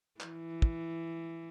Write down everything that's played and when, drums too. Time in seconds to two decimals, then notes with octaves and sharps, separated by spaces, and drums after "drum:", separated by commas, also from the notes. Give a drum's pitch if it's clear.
0.21 E3, drum: clap
0.62 drum: kick